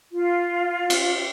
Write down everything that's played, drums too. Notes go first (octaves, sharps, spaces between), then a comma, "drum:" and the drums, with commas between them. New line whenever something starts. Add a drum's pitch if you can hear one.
F4
drum: cymbal